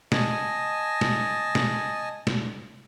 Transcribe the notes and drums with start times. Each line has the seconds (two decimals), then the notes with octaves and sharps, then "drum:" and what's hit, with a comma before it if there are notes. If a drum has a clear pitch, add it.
0.12 D#5 G#5 A5, drum: snare
1.01 drum: snare
1.55 drum: snare
2.27 drum: snare